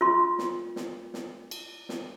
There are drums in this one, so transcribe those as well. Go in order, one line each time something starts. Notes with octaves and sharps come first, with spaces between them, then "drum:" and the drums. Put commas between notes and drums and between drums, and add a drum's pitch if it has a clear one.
F4 C6
drum: snare
drum: snare
drum: snare
drum: cymbal
drum: snare